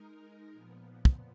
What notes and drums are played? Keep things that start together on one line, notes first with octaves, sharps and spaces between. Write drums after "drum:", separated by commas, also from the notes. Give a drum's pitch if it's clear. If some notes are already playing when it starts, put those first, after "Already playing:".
Already playing: G#3 D#4 A#4
A#2 F3 B3
drum: kick